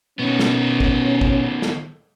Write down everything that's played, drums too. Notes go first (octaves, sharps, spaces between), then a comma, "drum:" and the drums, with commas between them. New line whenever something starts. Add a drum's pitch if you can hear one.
B2 D#3 B3 C#4
drum: snare
drum: kick
drum: kick
drum: snare